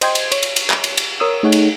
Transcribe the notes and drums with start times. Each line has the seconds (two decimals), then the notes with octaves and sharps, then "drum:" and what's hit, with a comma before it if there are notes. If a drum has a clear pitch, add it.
0.01 C5 D#5 G5 C6 G#6, drum: cymbal
0.15 drum: cymbal
0.32 C#5, drum: cymbal
0.43 drum: cymbal
0.56 drum: cymbal
0.70 drum: clap
0.84 drum: cymbal
0.97 drum: cymbal
1.20 A#4 C#5 C#6 D#6 E6
1.43 A3 D#4 G#4 C#5 F#5
1.52 drum: cymbal